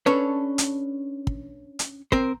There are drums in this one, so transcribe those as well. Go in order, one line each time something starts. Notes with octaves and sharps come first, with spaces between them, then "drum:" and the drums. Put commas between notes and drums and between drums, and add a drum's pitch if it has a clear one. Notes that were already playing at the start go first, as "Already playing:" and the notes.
C#4 D4 A4 B4 C#5
drum: hi-hat
drum: kick
drum: hi-hat
C4 A#4 C5, drum: kick